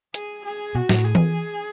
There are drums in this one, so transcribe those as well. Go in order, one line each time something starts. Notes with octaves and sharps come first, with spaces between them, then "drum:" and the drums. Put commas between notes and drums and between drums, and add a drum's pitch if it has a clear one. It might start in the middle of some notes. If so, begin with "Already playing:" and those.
G#4, drum: hi-hat
G#4
B2 F#4
A2, drum: snare
G#4
drum: tom E3